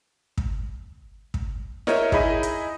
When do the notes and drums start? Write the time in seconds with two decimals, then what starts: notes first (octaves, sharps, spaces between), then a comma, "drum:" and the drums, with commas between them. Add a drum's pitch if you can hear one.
0.38 drum: kick
1.34 drum: kick
1.87 D#4 A#4 C#5 D#5 E5, drum: snare E4
2.12 D#4 E4 G#4 D#5 B5 D#6, drum: kick
2.43 drum: hi-hat